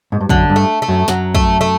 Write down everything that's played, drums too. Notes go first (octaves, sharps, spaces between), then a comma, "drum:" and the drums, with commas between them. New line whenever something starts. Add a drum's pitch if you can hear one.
G#2
G2
F#2 D3, drum: kick
G2
A3
A3
F#2
F#2 F#3, drum: snare
A3, drum: kick
A3